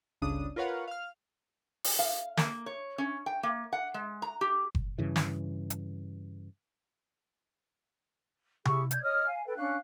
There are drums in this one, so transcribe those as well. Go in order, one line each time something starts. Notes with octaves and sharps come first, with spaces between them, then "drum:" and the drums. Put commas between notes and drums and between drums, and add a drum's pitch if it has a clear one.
G1 C#2 C#3 D4 D#6
F4 A#4 B4 C#5 F5 F#5
F5 F6
drum: open hi-hat
F5
A#3, drum: snare
C#5
C#4
G5
A#3
F#5
G#3
A#5
G4
drum: kick F#1
G2 C#3 E3
drum: snare
drum: hi-hat
E4 G4 G#4 C#6, drum: tom C3
D5 G6 G#6, drum: hi-hat
C#5 D#5 D#6 F6
F5 G#5
A4 B4 G5
C#4 D4 F5 F#6